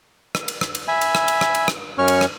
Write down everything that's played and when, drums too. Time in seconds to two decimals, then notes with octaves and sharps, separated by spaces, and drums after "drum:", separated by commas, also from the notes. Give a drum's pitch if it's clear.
0.35 drum: rim click
0.48 drum: cymbal
0.61 drum: rim click
0.75 drum: cymbal
0.88 E5 G#5 B5
1.01 drum: cymbal
1.15 drum: rim click
1.28 drum: cymbal
1.41 drum: rim click
1.55 drum: cymbal
1.68 drum: rim click
1.98 F#2 C#4 C#5 C#6 F6
2.08 drum: cymbal
2.21 drum: rim click